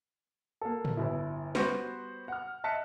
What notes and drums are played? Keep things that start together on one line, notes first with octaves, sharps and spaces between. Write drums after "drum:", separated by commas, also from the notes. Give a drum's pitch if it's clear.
A#3 A4
drum: tom
G1 E4
G3 B3 F#4 B4 C5, drum: snare
F#5 F6
D#5 E5 A5 F#6 B6 C#7